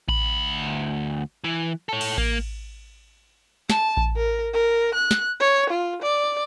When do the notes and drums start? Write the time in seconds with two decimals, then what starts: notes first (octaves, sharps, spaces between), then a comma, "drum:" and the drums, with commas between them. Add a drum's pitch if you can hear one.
0.08 D2 B5, drum: kick A1
1.44 E3
1.89 A4 C#5
2.01 drum: cymbal
2.18 A#3, drum: kick A1
3.70 A5, drum: snare
3.97 drum: kick A1
4.16 A#4
4.54 A#4
4.95 F#6
5.11 drum: snare
5.40 C#5
5.70 F4
6.02 D5